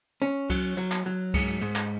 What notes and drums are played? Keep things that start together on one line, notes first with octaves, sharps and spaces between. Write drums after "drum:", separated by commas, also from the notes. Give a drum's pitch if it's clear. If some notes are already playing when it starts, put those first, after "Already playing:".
C#4
F#3, drum: kick C2, cymbal
F#3
drum: clap
F#3
G#2, drum: kick C2, cymbal
G#2
drum: clap